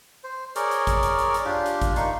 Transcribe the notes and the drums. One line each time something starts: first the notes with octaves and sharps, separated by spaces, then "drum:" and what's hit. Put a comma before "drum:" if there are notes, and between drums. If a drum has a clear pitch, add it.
C5
G#4 A#4 C#5 D5, drum: hi-hat
drum: hi-hat
drum: kick G#1, hi-hat
drum: hi-hat
drum: hi-hat
drum: hi-hat
D4 F4 G4
drum: hi-hat
drum: kick G#1, hi-hat
A#3 D#4 C6 C#6, drum: hi-hat